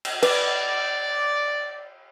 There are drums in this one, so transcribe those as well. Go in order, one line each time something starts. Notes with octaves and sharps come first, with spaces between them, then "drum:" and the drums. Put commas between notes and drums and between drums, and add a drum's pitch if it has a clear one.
drum: cymbal
B4 D5, drum: cymbal